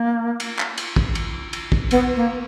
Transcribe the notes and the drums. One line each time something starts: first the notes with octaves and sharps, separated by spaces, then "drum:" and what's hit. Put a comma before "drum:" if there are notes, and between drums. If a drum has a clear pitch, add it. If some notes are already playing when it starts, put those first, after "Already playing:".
Already playing: A#3
drum: cymbal
drum: clap
drum: cymbal
drum: kick
drum: cymbal
drum: cymbal
drum: kick
B3, drum: cymbal
A#3